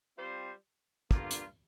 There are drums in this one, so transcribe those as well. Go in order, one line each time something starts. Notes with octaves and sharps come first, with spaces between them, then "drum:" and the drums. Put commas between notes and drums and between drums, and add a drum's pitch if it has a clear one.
G3 C4 F4 C5
G2 D3 A#3 F4, drum: kick
drum: hi-hat